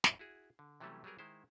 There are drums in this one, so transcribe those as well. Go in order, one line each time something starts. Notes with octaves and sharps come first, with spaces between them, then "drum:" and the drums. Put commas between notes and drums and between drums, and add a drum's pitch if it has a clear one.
F#2 A#2, drum: snare
E4 F#4 G#4
D3
C3 E3 F#3 G3 A3 C#4
F#3 G3 B3 G#4 A#4
D#3 G#3 E4 C5